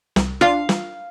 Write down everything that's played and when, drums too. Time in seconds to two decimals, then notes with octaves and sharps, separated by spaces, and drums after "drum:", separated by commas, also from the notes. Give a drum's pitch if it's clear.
0.16 C2, drum: snare
0.41 D4 F4 F5
0.69 drum: snare